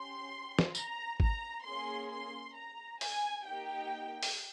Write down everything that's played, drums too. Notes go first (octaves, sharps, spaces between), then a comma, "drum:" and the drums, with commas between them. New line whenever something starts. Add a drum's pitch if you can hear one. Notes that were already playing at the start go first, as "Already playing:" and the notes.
Already playing: C#4 G4 C6
drum: snare
A#5, drum: tambourine
A#5, drum: kick G#1
A#3 C#4 G#4 C6
C6
A#5
G#5, drum: open hi-hat
A#3 D#4 G4 G5
drum: open hi-hat